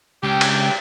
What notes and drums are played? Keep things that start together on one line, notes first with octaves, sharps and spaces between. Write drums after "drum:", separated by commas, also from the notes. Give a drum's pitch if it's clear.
C#2 G4 G5
drum: cymbal